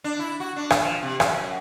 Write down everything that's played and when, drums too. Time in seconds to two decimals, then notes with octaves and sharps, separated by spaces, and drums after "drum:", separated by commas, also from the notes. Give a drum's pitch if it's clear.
0.04 D4
0.19 E4
0.40 F#4
0.56 D4
0.70 drum: rim click
0.81 F3
1.03 C3
1.20 F#2, drum: rim click